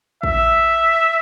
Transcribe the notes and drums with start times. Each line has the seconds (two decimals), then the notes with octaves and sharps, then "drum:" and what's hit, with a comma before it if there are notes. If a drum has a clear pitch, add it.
0.23 E5, drum: kick A1